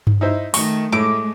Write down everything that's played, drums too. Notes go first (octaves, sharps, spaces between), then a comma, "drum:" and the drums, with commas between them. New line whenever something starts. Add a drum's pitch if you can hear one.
drum: tom G2
D#4 E4 C5
D#3 A3 C#6, drum: open hi-hat
A2 G#3 A3 D6